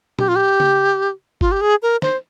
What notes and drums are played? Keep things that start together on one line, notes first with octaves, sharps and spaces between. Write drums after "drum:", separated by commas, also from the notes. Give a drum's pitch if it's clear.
G4, drum: tom A#2
F4
G4
drum: tom C#3
F4, drum: kick G1
G4
G#4
A#4
C5, drum: snare